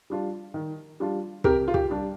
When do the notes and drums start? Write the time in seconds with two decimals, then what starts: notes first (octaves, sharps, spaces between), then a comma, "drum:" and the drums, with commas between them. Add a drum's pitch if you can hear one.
0.10 G3 D4 F4
0.54 D#3
1.00 G3 D4 F4
1.44 C3 G4 A#4, drum: kick
1.68 F4
1.74 G4, drum: kick
1.90 G3 D4